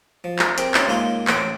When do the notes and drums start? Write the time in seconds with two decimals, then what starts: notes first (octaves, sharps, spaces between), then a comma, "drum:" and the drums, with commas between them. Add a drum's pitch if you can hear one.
0.24 F3
0.39 drum: clap
0.58 C4 G4 G#4 A#4, drum: hi-hat
0.74 C#4 E4 G4 D#5 E5 F#5, drum: clap
0.88 C#2 A#3 D#4 F5 G#5 C6
1.27 A1 A2 D6, drum: clap